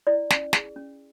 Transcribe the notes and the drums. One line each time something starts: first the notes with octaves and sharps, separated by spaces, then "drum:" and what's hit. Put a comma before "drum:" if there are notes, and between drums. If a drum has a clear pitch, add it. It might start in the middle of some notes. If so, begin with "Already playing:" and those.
E4 D5
C#4, drum: snare
G#4, drum: snare
C#4